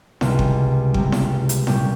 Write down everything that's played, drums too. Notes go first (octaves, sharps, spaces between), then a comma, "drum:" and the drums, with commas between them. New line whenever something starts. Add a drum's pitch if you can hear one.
C#2 C3 G3, drum: snare E4
drum: kick G1
C#2 C3 G3, drum: kick G1
drum: snare E4
drum: hi-hat
A#2 G3 A#3 C#4 G4, drum: snare E4